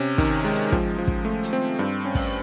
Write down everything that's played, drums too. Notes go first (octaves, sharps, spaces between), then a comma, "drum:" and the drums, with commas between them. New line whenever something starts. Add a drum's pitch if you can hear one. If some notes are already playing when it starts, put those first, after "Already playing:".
Already playing: C3 C#4
D#3, drum: kick, hi-hat
G#3
drum: hi-hat
F3, drum: kick
F3
drum: kick
A3
drum: hi-hat
C4
G2
C#4
drum: kick, open hi-hat